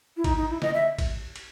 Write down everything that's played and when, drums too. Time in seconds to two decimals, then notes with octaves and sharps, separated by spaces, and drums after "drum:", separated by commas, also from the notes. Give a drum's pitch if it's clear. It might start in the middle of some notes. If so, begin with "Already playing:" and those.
0.17 E4
0.24 D#4, drum: kick, cymbal
0.37 D#4
0.49 E4
0.62 D#5, drum: snare
0.74 E5
0.99 drum: kick, cymbal
1.36 drum: cymbal